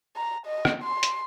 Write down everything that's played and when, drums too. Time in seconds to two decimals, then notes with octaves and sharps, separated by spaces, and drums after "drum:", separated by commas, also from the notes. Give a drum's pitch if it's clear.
0.16 A#5
0.46 D#5
0.65 drum: rim click
0.83 C6
1.03 drum: hi-hat